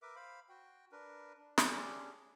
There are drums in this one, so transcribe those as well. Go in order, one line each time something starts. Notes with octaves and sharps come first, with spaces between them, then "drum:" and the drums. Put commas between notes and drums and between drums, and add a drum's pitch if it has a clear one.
A#4 B4 E5 D6
C5 F5 B5
F#4 G5
D4 A#4 B4
D4
C#4 D4 G4 G#4, drum: snare